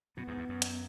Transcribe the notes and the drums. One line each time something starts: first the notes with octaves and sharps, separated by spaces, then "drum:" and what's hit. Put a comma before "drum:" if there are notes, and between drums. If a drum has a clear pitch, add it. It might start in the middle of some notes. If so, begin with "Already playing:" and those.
F#2 B2 B3
E2 G#2
E2
F#2
drum: hi-hat